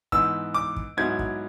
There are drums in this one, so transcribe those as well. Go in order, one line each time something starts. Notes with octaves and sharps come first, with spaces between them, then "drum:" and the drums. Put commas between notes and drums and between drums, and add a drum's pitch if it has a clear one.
G#2 E3 B3 E6, drum: kick
D6
drum: kick
G#2 F#3 B3 E4 G#6
drum: kick